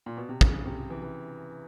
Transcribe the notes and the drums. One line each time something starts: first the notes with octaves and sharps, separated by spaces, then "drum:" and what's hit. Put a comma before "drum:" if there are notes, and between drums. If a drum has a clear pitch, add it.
A#2
B2
C3
C#3, drum: kick
C3
E3
E3